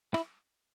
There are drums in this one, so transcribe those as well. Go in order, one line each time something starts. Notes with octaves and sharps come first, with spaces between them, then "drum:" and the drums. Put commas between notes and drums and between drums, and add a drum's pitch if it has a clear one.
E4, drum: rim click